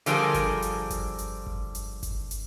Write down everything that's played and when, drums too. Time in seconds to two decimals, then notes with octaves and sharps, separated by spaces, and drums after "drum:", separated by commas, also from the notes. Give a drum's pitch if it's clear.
0.06 D3 F3 G3 F#4 G#4 A#4, drum: hi-hat
0.34 drum: kick G1, hi-hat
0.62 drum: hi-hat
0.90 drum: kick G1, hi-hat
1.18 drum: hi-hat
1.47 drum: kick G1
1.75 drum: hi-hat
2.03 drum: kick G1, hi-hat
2.31 drum: hi-hat